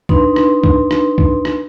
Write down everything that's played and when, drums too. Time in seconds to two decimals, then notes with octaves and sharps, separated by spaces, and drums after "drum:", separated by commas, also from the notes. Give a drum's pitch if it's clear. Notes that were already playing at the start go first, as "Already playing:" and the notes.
0.09 D4 D#4 B4 B5 C6 D#6, drum: kick
0.36 drum: rim click
0.64 drum: kick
0.91 drum: rim click
1.18 drum: kick
1.45 drum: rim click